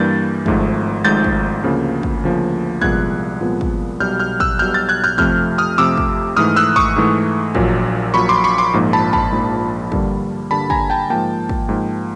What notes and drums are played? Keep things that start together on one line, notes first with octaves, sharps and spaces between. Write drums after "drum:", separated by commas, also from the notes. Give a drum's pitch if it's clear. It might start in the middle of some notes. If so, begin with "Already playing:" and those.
Already playing: G2 E3 G3 A#3 G6 A6
G#1 G#2 F3 A3, drum: kick
G#1 G#2 F3 A3 G6 A6
drum: kick
D2 C#3 F3 A#3
drum: kick
D2 C#3 F3 A#3
C2 A#2 F3 G#3 B3 F#6 G#6, drum: kick
C2 A#2 F3 G#3 B3
drum: kick
B1 B2 G3 F6 G6
F6 G6
E6 F#6, drum: kick
B1 B2 G3 F6 G6
G6 A6
F#6 G#6
F6 G6
F2 C3 F3 A3 F6 G6, drum: kick
D#6 F6
F2 C3 F3 A3 D6 E6
drum: kick
G#2 E3 A3 D#6 F6
E6 F#6
C#6 D#6, drum: kick
G#2 E3 A3
A#1 A#2 F#3, drum: kick
A#1 A#2 F#3 B5 C#6
C6 D6
B5 C#6
C6 D6
A#1 G#2 F3 A#3
A5 B5
A5 B5, drum: kick
A#1 G#2 F3 A#3
G2 D3 G3 A#3, drum: kick
G2 D3 G3 A#3 A5 B5
G#5 A#5, drum: kick
G5 A5
G#2 F3 A#3 G5 A5
drum: kick
G#2 F3 A#3